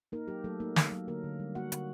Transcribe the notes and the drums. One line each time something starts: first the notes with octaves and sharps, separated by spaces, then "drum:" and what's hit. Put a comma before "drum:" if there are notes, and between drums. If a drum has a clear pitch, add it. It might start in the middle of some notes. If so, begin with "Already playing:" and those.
A#3 D#4 A#4
F#3 G4
F#3 A3 A4
A#3 D#4 A#4
A3, drum: snare
F#3
D3 A#3 A#4
D3
G3
A#3 F#4 F#5
D3, drum: hi-hat